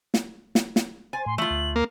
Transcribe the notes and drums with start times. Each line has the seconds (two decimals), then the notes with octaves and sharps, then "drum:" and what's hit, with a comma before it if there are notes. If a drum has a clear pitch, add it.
0.14 drum: snare
0.55 drum: snare
0.76 drum: snare
1.13 C5 G#5 A6
1.26 A2 C6
1.38 E3 A3 F4 F#7
1.50 D2
1.76 A#3